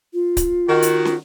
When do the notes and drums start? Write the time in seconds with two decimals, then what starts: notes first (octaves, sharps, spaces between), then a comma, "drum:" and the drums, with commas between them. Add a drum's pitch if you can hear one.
0.14 F4
0.37 drum: kick C#1, hi-hat
0.68 D#3 F#4
0.82 drum: hi-hat
1.05 drum: snare